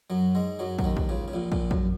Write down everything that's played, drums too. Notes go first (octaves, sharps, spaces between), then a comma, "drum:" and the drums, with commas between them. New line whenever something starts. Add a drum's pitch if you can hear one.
F#2 F#3
G#2 G#3
F#2 F#3
F#3, drum: kick
D#2 D#3
drum: kick
C#2 C#3
C#3
A#1 A#2
A#1 A#2, drum: kick
F#2, drum: kick